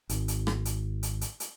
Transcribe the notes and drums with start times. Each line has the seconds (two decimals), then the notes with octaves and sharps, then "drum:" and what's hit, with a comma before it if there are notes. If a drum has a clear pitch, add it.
0.09 G#1, drum: hi-hat
0.28 drum: hi-hat
0.47 drum: rim click
0.65 drum: hi-hat
1.03 drum: hi-hat
1.21 drum: hi-hat
1.40 drum: hi-hat